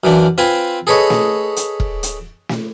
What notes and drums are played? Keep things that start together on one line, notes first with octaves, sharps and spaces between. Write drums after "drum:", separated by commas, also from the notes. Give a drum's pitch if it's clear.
F#2 E3 D4
C4 F4 B4 G#5
G#4 A4 B4 C#5 D#5
drum: snare
drum: hi-hat
drum: kick E1
drum: hi-hat
drum: snare